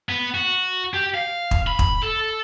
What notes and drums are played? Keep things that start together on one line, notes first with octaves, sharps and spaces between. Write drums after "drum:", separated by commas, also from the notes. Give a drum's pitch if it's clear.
B3
F#4
G4
F5
drum: kick
B5
drum: kick
A4